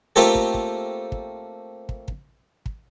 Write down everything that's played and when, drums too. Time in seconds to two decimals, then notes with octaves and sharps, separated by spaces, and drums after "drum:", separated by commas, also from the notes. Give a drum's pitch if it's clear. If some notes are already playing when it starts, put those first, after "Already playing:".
0.16 A3 A#3 C4 F4 G4 A4
0.35 drum: kick
0.54 drum: kick
1.12 drum: kick
1.89 drum: kick
2.08 drum: kick
2.66 drum: kick